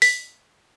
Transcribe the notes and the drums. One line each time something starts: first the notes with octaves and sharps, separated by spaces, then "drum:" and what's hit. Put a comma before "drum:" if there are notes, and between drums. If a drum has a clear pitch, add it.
B6, drum: open hi-hat